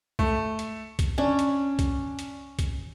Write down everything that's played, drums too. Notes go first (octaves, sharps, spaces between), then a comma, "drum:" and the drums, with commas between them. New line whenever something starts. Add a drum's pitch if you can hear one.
A3, drum: kick C2
drum: hi-hat
drum: kick C2, hi-hat
C#4 D4
drum: hi-hat
drum: kick C2, hi-hat
drum: hi-hat
drum: kick C2, hi-hat